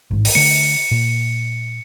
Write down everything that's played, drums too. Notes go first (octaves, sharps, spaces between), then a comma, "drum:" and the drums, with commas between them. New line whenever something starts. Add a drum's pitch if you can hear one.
A1 G#2
drum: open hi-hat
D3 A3 C#7
A#2